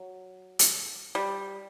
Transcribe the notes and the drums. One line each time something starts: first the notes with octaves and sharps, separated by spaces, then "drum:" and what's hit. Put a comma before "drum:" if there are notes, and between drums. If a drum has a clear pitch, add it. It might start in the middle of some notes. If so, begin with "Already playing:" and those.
Already playing: F#3
drum: hi-hat
G3